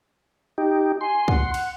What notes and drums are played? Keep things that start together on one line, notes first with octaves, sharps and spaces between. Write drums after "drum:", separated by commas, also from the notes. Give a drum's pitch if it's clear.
D#4 G4
G#5 C6
F#5, drum: kick
drum: cymbal